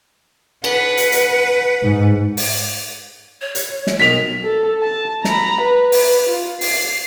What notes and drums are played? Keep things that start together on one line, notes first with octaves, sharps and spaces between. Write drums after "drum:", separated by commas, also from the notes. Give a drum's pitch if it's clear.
B4 F#5, drum: cymbal
drum: hi-hat
drum: hi-hat
G#2
drum: open hi-hat
C#5
drum: hi-hat
drum: snare
B1 A#4 D#5 B6 F7
A4
A5
A#5 B5, drum: snare
B4
drum: open hi-hat
F4
C7, drum: open hi-hat